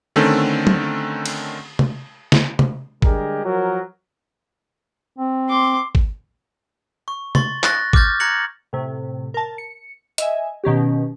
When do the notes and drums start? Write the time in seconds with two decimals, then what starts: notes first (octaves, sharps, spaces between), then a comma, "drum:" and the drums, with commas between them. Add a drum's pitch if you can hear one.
0.16 D3 D#3 A3 C4 C#4 A4
0.67 drum: tom F#3
1.26 drum: cymbal
1.79 drum: tom C3
2.32 drum: snare
2.59 drum: tom C3
3.02 D3 G3 G#3 G4 G#4 A#4, drum: kick
3.44 F3 F#3 A#4
5.18 C4
5.49 C6 D6
5.95 drum: kick
7.08 C#6
7.35 C6 C#6 A6, drum: tom C3
7.63 C#6 F#6 A6 A#6, drum: clap
7.93 D6 F6 G6 A6, drum: kick
8.20 A#5 F#6 G#6 A#6 C#7 F#7
8.73 A2 C3
9.34 A#4 A5
9.58 C#7
10.18 D#5 E5 G#5, drum: hi-hat
10.64 B2 D#3 C#4 G4